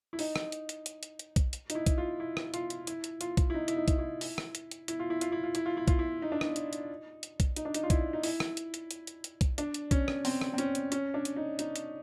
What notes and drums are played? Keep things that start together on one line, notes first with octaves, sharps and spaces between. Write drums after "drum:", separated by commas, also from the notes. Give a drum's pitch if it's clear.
E4
D#4, drum: open hi-hat
drum: rim click
drum: hi-hat
drum: hi-hat
drum: hi-hat
drum: hi-hat
drum: hi-hat
drum: kick B1, hi-hat
drum: hi-hat
D#4, drum: hi-hat
E4
drum: kick B1, hi-hat
F4
E4
drum: rim click
F4, drum: hi-hat
drum: hi-hat
E4, drum: hi-hat
drum: hi-hat
F4, drum: hi-hat
drum: kick B1, hi-hat
E4
D#4
E4, drum: hi-hat
D#4
drum: kick B1, hi-hat
E4
E4, drum: open hi-hat
drum: rim click
drum: hi-hat
drum: hi-hat
E4, drum: hi-hat
F4
E4
F4, drum: hi-hat
E4
F4
E4, drum: hi-hat
F4
E4
F4, drum: kick B1, hi-hat
E4
D#4
D4
D#4, drum: rim click
drum: hi-hat
drum: hi-hat
drum: hi-hat
drum: kick B1, hi-hat
D#4, drum: hi-hat
D4
D#4, drum: hi-hat
F4
E4, drum: kick B1, hi-hat
D#4
E4, drum: open hi-hat
drum: rim click
drum: hi-hat
drum: hi-hat
drum: hi-hat
drum: hi-hat
drum: hi-hat
drum: kick B1, hi-hat
D4, drum: hi-hat
drum: hi-hat
C#4, drum: kick B1, hi-hat
drum: rim click
C4, drum: open hi-hat
drum: rim click
C4
C#4, drum: hi-hat
drum: hi-hat
C#4, drum: hi-hat
D4
drum: hi-hat
D#4
D#4, drum: hi-hat
drum: hi-hat